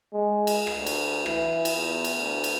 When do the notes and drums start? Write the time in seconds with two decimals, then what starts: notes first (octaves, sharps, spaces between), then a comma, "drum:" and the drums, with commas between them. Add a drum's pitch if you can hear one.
0.13 G#3
0.47 drum: cymbal
0.67 drum: rim click
0.77 D2
0.86 drum: cymbal
1.26 E3, drum: rim click
1.65 drum: cymbal
1.76 E2
2.04 drum: cymbal
2.17 D2
2.44 drum: cymbal